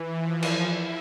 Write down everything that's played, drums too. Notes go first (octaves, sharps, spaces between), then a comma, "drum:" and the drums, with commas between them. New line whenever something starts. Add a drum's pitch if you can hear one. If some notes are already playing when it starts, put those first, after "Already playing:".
Already playing: E3
F3
drum: cymbal
E4